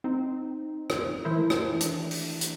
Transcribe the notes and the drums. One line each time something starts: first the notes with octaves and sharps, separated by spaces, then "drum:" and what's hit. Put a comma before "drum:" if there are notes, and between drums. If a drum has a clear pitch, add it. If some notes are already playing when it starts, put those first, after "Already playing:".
C4 D#4
drum: rim click
E3 A3 E4 A#4 C5
drum: rim click
D4, drum: hi-hat
drum: open hi-hat
drum: hi-hat